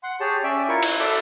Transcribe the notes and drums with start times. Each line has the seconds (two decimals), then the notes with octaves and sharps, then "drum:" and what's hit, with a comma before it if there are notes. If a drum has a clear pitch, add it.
0.03 F#5 C6
0.20 G4 G#4 C#5 A5
0.44 C#4 D5 E5 G5
0.69 E4 F4 A#4 C#6
0.83 E4, drum: cymbal
1.00 A4 D5 E5 A5 C6 D6